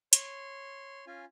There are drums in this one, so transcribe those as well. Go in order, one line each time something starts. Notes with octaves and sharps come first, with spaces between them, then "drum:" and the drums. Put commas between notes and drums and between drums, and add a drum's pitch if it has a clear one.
C#5 C6, drum: hi-hat
C#4 F4 G#5